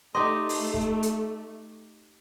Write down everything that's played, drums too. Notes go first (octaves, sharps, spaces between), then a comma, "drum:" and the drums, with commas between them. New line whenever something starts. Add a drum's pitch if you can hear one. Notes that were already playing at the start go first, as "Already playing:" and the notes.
A3 D#4 G4 D#5 C6
drum: open hi-hat
drum: kick
drum: hi-hat